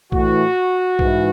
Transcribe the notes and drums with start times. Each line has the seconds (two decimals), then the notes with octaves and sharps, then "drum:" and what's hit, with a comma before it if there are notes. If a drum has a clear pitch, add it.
0.12 A2 E3 F#4, drum: kick B1
0.99 G#2 E3, drum: kick B1